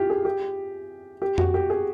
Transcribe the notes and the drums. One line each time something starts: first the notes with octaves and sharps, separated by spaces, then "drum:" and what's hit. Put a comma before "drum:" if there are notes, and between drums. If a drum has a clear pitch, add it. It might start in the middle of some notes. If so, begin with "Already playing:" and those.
Already playing: E4 F4 G4
G#4
G4
G4
F#4, drum: tom F2
G4
G#4